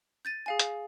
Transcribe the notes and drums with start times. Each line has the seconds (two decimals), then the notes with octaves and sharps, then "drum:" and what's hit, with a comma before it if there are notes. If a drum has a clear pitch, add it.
0.25 G6 A6 D#7
0.46 G#4 F5 G#5
0.59 drum: hi-hat